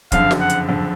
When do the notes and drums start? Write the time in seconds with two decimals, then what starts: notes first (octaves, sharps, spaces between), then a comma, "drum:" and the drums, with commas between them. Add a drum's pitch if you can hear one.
0.12 F#1 F2 D3 F5, drum: kick, hi-hat
0.31 drum: snare
0.40 F#5
0.50 drum: hi-hat
0.68 F#1 F2 D3